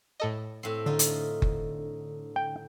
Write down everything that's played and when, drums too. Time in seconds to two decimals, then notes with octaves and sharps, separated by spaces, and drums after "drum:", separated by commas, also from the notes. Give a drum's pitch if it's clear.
0.20 A2 A4 D#5
0.63 A2 C4 C7
0.86 D3 D#4 F4
0.99 drum: hi-hat
1.42 drum: kick F#1
2.36 G5